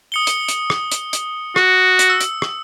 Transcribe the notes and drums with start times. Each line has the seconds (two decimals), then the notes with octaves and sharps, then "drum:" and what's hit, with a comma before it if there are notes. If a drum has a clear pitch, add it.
0.12 D#6 C#7 G7
0.27 drum: hi-hat
0.48 drum: hi-hat
0.70 drum: rim click
0.92 drum: hi-hat
1.13 drum: hi-hat
1.56 F#4, drum: rim click
1.99 drum: hi-hat
2.10 E6
2.21 drum: hi-hat
2.42 drum: rim click